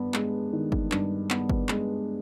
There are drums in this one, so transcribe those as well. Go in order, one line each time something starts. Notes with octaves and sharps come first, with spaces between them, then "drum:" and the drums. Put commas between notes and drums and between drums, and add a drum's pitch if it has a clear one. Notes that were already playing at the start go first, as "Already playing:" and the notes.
Already playing: G2 B3
G#3, drum: clap
D#3
drum: kick G1
G2, drum: clap
B3, drum: clap
drum: kick G1
G#3, drum: clap